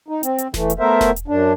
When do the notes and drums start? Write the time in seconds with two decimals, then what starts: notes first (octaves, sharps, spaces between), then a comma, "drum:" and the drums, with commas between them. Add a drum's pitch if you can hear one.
0.08 D#4
0.23 C4, drum: hi-hat
0.38 drum: hi-hat
0.54 E3 A3, drum: snare E1
0.70 drum: hi-hat
0.79 A3 B3 A#4 C5 E5
1.01 drum: snare E1
1.16 drum: hi-hat
1.28 F#2 D4